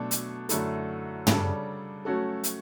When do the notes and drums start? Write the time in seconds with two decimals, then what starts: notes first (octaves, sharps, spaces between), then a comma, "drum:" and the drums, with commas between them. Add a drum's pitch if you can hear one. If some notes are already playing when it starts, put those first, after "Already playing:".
Already playing: B2 F#3 A3 D4 A4
0.11 drum: hi-hat
0.49 F#2 D3 A3 E4 A4, drum: hi-hat
1.27 C#3 G3 D4 A4, drum: tom
2.05 F#3 A3 C#4 F#4 A4
2.44 drum: hi-hat